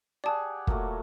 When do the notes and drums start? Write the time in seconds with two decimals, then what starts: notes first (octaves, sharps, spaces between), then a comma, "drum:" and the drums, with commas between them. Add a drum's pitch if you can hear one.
0.24 G4 G#4 D5 F#5 A5
0.67 A#2 F#3 A3, drum: kick